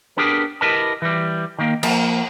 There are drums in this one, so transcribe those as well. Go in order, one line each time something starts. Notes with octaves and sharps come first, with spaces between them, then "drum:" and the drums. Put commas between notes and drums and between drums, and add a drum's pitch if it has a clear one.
B3 D4 G4 G#4 A#4
E4 G4 A#4 B4 D#5 A5
E3 G3
D#3 A#3
F3 A#3, drum: cymbal